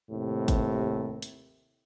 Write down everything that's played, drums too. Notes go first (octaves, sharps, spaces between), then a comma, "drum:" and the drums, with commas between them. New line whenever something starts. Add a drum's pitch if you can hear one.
D#2 A2 C3
drum: kick, hi-hat
drum: hi-hat